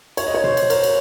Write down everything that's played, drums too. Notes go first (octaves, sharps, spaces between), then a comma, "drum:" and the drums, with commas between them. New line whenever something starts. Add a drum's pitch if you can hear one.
C#5, drum: cymbal
D#5
C#5
C5, drum: tom B2
drum: cymbal
A#4, drum: cymbal
drum: cymbal